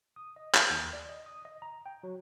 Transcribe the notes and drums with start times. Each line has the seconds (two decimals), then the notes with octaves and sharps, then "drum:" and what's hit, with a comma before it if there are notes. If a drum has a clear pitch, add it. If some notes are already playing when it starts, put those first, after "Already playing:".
0.16 D#6
0.36 D#5
0.54 D#4, drum: clap
0.70 D#2
0.93 D5
1.09 D#5
1.26 D#6
1.45 D#5
1.62 A#5
1.86 G5
2.03 F#3